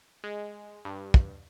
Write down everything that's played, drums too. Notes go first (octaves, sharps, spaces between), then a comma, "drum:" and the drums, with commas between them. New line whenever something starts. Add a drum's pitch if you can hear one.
G#3
G2
drum: kick